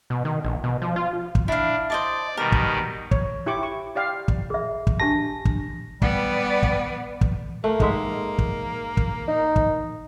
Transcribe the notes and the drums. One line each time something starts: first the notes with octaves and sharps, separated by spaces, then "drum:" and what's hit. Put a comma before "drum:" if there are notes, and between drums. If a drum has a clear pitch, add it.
B2
D#3
A#1
B2
F3
F4
drum: kick
D4 E4 F5
C5 D5 D#5 A5
B2 D#3 G3 A#4
drum: kick
C#5, drum: kick
E4 G4 C#6 D6
C#6
G4 D5 F5 G5
drum: kick
G#4 E5
drum: kick
D4 G4 A5 A#6
drum: kick
G3 B3 D5, drum: kick
drum: kick
drum: kick
A3 A#3
G#2 G#3 E5, drum: kick
drum: kick
drum: kick
D#4
drum: kick